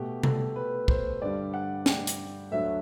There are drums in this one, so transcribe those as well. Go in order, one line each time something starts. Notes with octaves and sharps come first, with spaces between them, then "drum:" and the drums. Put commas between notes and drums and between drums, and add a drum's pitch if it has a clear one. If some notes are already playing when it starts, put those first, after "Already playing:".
Already playing: B2 A3 G4
A4, drum: tom C3
B4
C5, drum: kick
G2 D3 G3 D5
F#5
G5, drum: snare
drum: hi-hat
D2 D3 F#3 A3 E5